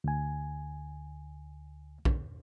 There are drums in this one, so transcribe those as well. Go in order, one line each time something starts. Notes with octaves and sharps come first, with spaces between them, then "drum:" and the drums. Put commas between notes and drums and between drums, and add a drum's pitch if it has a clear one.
D2 G#5
drum: kick